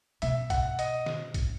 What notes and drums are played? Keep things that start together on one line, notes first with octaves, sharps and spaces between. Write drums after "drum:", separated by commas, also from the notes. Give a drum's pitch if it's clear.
B2 E5, drum: hi-hat
F#5, drum: kick A#1, hi-hat
D#5, drum: hi-hat
drum: snare
drum: kick A#1, hi-hat